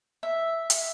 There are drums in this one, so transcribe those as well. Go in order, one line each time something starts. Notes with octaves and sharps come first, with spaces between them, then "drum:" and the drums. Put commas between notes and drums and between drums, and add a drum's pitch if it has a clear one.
E5
drum: hi-hat